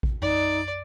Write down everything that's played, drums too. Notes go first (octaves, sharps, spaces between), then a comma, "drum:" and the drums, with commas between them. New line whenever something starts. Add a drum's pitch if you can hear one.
drum: kick A1
D#4 D5, drum: tom F#2